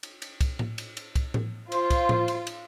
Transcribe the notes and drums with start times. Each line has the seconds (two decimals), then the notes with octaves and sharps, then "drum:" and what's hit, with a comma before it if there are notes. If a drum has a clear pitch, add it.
0.03 drum: cymbal
0.22 drum: cymbal
0.41 drum: kick, cymbal
0.59 drum: tom A2
0.78 drum: cymbal
0.97 drum: cymbal
1.16 drum: kick, cymbal
1.34 drum: tom A2
1.72 F4 C5, drum: cymbal
1.90 drum: kick, cymbal
2.09 drum: tom A2
2.28 drum: cymbal
2.47 drum: cymbal